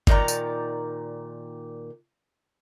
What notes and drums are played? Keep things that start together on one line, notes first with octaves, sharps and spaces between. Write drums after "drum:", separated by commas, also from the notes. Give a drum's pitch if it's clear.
A#2 D#3 D5 A#5, drum: kick G1
drum: tambourine